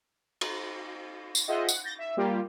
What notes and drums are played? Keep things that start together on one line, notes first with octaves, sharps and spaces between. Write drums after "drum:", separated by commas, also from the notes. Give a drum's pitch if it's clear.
drum: cymbal
drum: tambourine
F4 G#4 C5 D#5 E5 F#5
F#5, drum: tambourine
G6 A6 A#6
E5
G3 A#3 F4 G4